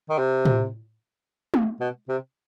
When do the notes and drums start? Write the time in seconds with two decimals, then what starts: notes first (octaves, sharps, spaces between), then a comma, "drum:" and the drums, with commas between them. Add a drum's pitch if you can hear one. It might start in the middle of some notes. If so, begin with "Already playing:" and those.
0.09 D#3
0.18 C3
0.45 drum: tom A2
1.54 drum: tom G#3
1.80 B2
2.08 C3